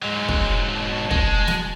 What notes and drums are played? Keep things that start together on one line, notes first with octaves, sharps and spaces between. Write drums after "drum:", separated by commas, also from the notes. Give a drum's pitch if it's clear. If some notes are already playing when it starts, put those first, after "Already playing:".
G#2 F#3 G#3 F#6
drum: kick
B2 A5
G#3, drum: kick
drum: snare